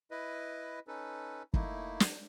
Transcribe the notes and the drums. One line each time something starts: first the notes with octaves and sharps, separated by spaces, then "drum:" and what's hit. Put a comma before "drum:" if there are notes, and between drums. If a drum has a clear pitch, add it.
E4 B4 D#5
C#4 D#4 A4 B4
A3 A#3 D#4 E4, drum: kick
drum: snare